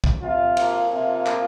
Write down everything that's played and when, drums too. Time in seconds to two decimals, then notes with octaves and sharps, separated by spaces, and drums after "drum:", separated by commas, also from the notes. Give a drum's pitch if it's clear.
0.04 drum: kick
0.22 C3 F4
0.57 F3 A#3, drum: cymbal
0.91 C3 F4
1.26 F3 A#3, drum: clap